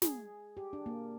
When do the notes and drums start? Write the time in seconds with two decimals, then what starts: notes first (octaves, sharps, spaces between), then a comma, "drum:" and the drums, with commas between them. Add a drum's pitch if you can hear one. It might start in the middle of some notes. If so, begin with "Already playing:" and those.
0.02 G#4, drum: snare
0.57 G4
0.73 D4
0.86 A#3